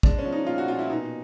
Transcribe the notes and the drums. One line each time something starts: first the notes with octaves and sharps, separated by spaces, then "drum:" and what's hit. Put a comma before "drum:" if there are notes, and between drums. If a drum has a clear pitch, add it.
G#3 D4, drum: kick
C#4
F3
D#4
A#2 F4
F#4
A#2 F4
E4
B2 D#4